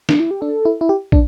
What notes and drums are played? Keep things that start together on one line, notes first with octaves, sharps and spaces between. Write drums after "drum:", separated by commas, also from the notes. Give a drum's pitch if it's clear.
D4, drum: snare
E4
G4
D4 A4
E4
E4
G4
D4, drum: kick